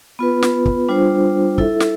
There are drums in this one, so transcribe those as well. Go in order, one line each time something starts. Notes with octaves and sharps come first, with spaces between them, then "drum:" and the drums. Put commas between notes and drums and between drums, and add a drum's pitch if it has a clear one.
B3 F4 B4
drum: snare
drum: kick
G3 D4 F4 C5
E4 A4 E5, drum: kick
drum: snare